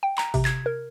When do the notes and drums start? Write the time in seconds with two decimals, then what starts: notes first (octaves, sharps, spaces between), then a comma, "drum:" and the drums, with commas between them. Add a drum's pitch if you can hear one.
0.03 G5
0.18 A#5, drum: clap
0.34 C3, drum: kick, open hi-hat
0.45 G#6, drum: clap
0.66 A#4